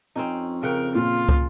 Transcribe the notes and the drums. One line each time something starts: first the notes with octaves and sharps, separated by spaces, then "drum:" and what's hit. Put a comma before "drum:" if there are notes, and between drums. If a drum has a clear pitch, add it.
F2 C4 C#4 D#4
C#3 A#4 F#5 G5
A#2 F4
drum: kick